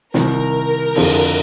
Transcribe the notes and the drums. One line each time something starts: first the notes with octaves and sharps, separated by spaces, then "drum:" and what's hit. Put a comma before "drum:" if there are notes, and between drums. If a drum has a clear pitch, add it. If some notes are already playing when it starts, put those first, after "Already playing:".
C2 C3 D#3 A#4, drum: snare
F2 D3 F3 C4, drum: cymbal